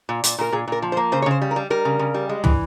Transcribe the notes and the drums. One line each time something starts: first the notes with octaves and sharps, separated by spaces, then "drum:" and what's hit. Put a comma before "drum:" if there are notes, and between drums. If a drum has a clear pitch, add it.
A#2
A#2, drum: hi-hat
A#2 A#4
A#2 G#4
A#2 A#4
F3
C5
A#3
C#3 C5
C#5
C#3 C5
G3
A#4
G3
G3 A#4
C#3
C#3
G3
G#3
E3, drum: tom